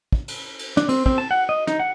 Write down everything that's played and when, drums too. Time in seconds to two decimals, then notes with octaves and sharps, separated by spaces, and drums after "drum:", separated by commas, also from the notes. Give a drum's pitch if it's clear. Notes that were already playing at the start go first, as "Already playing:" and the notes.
0.13 drum: kick
0.28 drum: cymbal
0.59 drum: cymbal
0.77 D4, drum: snare
0.89 C4, drum: cymbal
1.06 C4, drum: kick
1.18 A5
1.31 F#5
1.49 D#5
1.67 D#4, drum: snare
1.80 F#5